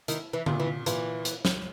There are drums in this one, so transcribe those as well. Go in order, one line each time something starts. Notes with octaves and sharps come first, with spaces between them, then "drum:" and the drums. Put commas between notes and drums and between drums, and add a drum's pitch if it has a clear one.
D#3 E4, drum: hi-hat
E3
A#2, drum: tom D3
E3
A#2 E3, drum: hi-hat
drum: hi-hat
drum: snare